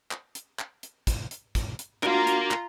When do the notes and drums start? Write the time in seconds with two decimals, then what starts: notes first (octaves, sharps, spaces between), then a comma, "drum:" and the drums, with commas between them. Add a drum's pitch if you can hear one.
0.11 drum: clap
0.35 drum: hi-hat
0.59 drum: clap
0.83 drum: hi-hat
1.07 drum: kick, hi-hat
1.31 drum: hi-hat
1.55 drum: kick, hi-hat
1.79 drum: hi-hat
2.03 D4 F4 F#4 A#4 F5 A#5, drum: clap
2.27 drum: hi-hat
2.51 drum: clap